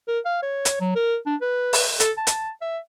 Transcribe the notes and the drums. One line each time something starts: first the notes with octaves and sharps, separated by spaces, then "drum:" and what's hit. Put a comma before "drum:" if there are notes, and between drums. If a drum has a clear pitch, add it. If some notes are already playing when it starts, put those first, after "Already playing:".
A#4
F5
C#5
drum: hi-hat
F#3
A#4
D4
B4
drum: open hi-hat
A4, drum: hi-hat
A5
drum: hi-hat
E5